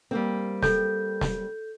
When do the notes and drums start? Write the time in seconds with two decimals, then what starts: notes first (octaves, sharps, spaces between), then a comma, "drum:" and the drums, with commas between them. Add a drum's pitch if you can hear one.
0.11 G3 A#3 C4
0.63 A4 G6, drum: snare
1.21 drum: snare